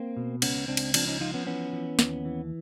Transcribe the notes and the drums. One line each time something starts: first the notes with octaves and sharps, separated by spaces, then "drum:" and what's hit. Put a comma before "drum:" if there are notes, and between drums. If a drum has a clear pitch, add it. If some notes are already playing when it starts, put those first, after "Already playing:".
Already playing: A#3 C4
B2
C#2 B3 C#4, drum: cymbal
C#2 C4 D4
drum: cymbal
F3 C4 D4, drum: cymbal
C#4 D#4
F3 D#4 F4
B3 C#4
E3 B3 C#4
E3
D#2, drum: snare
E3